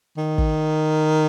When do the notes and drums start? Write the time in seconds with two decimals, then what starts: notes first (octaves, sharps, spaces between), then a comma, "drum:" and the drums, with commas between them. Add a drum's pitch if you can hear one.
0.17 D#3
0.38 drum: kick